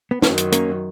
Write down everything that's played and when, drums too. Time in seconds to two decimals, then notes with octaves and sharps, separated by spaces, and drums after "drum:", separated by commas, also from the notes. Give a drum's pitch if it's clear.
0.11 B3
0.22 F#2 D#3 F#3 A#3 C#4, drum: snare
0.38 drum: hi-hat
0.52 A#3 C#4, drum: hi-hat